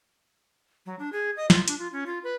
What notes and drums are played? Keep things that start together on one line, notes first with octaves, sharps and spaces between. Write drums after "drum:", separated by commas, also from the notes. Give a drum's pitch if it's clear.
F#3
D4
G#4
D#5
F4, drum: snare
D4, drum: hi-hat
F4
C#4
F4
B4